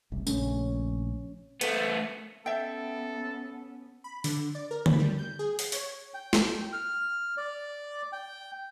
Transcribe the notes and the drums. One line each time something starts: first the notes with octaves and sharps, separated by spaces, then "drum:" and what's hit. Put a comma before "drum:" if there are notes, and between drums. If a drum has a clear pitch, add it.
F#1 C2
A#1 C#3 A3 C#4, drum: tambourine
A3 B3, drum: hi-hat
B3 C#4 A4 E5 G5
B5
D3, drum: open hi-hat
D5
A#4
B5, drum: tom D3
G3
G6
G#4
C7, drum: open hi-hat
C#5, drum: open hi-hat
G5
drum: snare
F6
D5
G5